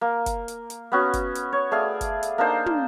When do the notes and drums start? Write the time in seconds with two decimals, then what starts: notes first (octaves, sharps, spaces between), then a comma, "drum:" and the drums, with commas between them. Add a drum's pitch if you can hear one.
0.01 A#3
0.26 drum: kick, hi-hat
0.48 drum: hi-hat
0.70 drum: hi-hat
0.92 B3 C#4 F#4
1.13 drum: kick, hi-hat
1.35 drum: hi-hat
1.53 C#5
1.71 A3 G#4 D5 F5
2.01 drum: kick, hi-hat
2.23 drum: hi-hat
2.38 A#3 D4 D#4 C5
2.66 drum: tom